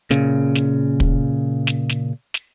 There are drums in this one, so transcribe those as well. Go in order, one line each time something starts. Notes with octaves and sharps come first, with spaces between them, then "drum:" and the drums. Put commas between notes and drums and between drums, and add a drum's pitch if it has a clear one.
A#2 C#3, drum: snare
drum: snare
drum: kick
drum: snare
drum: snare
drum: snare